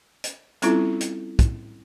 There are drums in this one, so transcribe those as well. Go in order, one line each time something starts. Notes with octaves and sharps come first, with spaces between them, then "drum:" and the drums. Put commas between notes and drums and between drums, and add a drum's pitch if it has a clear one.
drum: hi-hat
G3 C4 C#4 E4 F4 A4, drum: hi-hat
drum: hi-hat
drum: kick, hi-hat